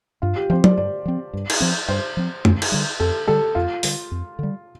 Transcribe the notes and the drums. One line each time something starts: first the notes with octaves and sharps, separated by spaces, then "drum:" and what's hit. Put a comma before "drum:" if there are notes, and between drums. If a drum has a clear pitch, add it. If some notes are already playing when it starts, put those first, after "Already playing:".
G2 F4
G4
F3 C4 C5
D5, drum: tom F#3
G2 D5
F3 C4
G2
drum: cymbal
F3 C4
G2 C5
F3 C4
F2, drum: tom F#2
drum: cymbal
D3 G3
F2 A4
D3 G3 A4
F2 F4
D3 G3, drum: open hi-hat
F2
D3 G3